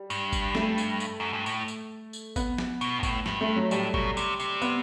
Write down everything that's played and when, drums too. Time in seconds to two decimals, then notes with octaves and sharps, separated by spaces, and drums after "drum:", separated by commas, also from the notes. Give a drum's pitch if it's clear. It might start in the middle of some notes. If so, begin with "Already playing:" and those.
Already playing: G3
0.10 G2, drum: tambourine
0.33 drum: kick G1, tambourine
0.55 A3, drum: snare
0.78 drum: tambourine
1.00 drum: tambourine
1.20 F#2
1.33 G2
1.46 A2, drum: tambourine
1.68 drum: tambourine
2.13 drum: tambourine
2.36 B3, drum: kick G1, tambourine
2.58 drum: snare
2.81 B2, drum: tambourine
2.99 G2
3.03 A2, drum: kick G1, tambourine
3.26 G2, drum: snare
3.41 A3
3.56 F#3
3.71 A2 G3, drum: tambourine
3.94 B2, drum: kick G1
4.17 C3, drum: tambourine
4.40 C3, drum: tambourine
4.62 B3, drum: tambourine